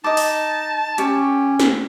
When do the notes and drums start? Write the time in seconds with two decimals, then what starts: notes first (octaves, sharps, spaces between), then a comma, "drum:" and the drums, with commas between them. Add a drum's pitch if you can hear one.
0.04 D#4 D#5 A5 D6
0.17 drum: open hi-hat
0.98 C#4 G4 C#5, drum: hi-hat
1.60 drum: snare